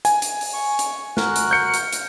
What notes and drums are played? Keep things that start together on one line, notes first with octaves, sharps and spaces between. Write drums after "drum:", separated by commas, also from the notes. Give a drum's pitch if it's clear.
G#5, drum: hi-hat
drum: hi-hat
drum: open hi-hat
C#6
drum: hi-hat
F#4 A#4 F#6, drum: snare
drum: hi-hat
G6 C#7
drum: hi-hat
drum: hi-hat